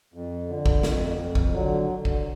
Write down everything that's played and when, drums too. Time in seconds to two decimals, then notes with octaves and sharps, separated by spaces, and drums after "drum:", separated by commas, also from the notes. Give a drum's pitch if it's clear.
0.14 F2
0.48 D3
0.66 drum: kick
0.83 F2, drum: snare
1.18 F2
1.35 drum: kick
1.53 D3 F#3
1.88 D3
2.05 drum: kick